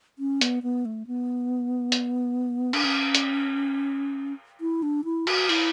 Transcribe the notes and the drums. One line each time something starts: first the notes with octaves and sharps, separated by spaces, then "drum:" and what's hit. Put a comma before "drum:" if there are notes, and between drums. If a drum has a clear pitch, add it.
C#4
B3, drum: hi-hat
B3
A3
B3
drum: hi-hat
D4, drum: cymbal
C#4
drum: hi-hat
E4
D4
E4
F#4, drum: cymbal
E4, drum: open hi-hat